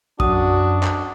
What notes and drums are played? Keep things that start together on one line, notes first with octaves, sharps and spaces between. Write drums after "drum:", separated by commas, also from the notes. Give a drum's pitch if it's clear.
F#2 D4 F#4 D#6, drum: kick
drum: clap